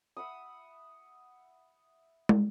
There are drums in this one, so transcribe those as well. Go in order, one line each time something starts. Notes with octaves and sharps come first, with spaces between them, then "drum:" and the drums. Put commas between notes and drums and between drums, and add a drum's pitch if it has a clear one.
E5 F#5 B5 D#6
drum: tom